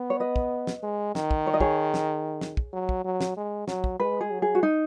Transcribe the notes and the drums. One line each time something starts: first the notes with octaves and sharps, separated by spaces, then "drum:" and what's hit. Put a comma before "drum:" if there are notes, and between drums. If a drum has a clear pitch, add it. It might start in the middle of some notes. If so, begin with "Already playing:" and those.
Already playing: B3
C#5
B4 D#5
drum: kick
drum: snare
G#3
D#3, drum: snare
drum: kick
C#5
D#5
G#4 C#5, drum: kick
drum: snare
drum: snare
drum: kick
F#3
drum: kick
F#3
drum: snare
G#3
F#3, drum: snare
drum: kick
G#3 B4
G#4
F#3
G#4
F#4
D#4